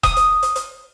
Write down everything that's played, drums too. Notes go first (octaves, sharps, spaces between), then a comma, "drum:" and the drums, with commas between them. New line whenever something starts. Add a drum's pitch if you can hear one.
D#6, drum: kick E1, hi-hat
drum: hi-hat
drum: hi-hat
drum: hi-hat